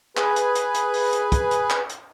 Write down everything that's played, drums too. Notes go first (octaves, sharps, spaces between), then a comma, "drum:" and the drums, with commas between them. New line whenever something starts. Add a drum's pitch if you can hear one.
G#4 B4 G#5, drum: clap
drum: hi-hat
drum: hi-hat
drum: hi-hat
drum: open hi-hat
drum: hi-hat
drum: kick, hi-hat
drum: hi-hat
drum: clap
drum: hi-hat